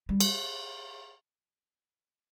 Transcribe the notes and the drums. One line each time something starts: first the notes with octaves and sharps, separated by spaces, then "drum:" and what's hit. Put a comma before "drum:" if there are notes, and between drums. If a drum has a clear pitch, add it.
G3
drum: cymbal